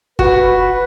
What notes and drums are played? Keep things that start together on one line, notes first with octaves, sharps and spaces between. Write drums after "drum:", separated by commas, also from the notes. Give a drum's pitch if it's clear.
F#4 B4, drum: kick